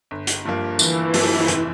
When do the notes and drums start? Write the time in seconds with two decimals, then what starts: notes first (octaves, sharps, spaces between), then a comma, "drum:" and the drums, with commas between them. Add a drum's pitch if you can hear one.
0.11 G1
0.27 drum: hi-hat
0.45 G2 F3 A#3
0.79 G1 E3, drum: tambourine
1.13 G2 F3 A#3, drum: open hi-hat
1.48 F1, drum: hi-hat